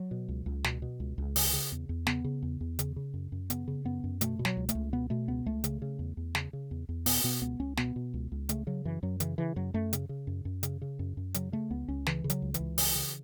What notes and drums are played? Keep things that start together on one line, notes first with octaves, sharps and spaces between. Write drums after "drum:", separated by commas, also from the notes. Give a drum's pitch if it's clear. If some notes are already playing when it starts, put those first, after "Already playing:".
Already playing: F#3
B2
C#2
C#2
B2, drum: snare
B2
C#2
C#2
C#3, drum: open hi-hat
C#3
E2
E2
C#3 B3, drum: snare
C#3
E2
E2
C#3, drum: hi-hat
C#3
F#2
F#2
C#3 B3, drum: hi-hat
C#3
F#2 B3
F#2
B2 A3, drum: hi-hat
B2
F#3, drum: snare
C#2
A3, drum: hi-hat
C#2
B2 B3
B2 A3
C#2 B3
C#2 A3
C#3, drum: hi-hat
C#3
E2
E2
C#3, drum: snare
C#3
E2
E2
B2 B3, drum: open hi-hat
B2 B3
C#2 B3
C#2 C#4
B2 B3, drum: snare
B2
C#2
C#2
C#3 A3, drum: hi-hat
C#3 F#3
F#2 E3
F#2 F#3
C#3 E3, drum: hi-hat
C#3 E3
F#2 F#3
F#2 A3
C#3, drum: hi-hat
C#3
F#2
F#2
C#3, drum: hi-hat
C#3
F#2
F#2
C#3 F#3, drum: hi-hat
C#3 A3
C#2 B3
C#2 C#4
C#3 E3, drum: snare
C#3
F#3, drum: hi-hat
C#2
E3, drum: hi-hat
C#2
C#3, drum: open hi-hat
C#3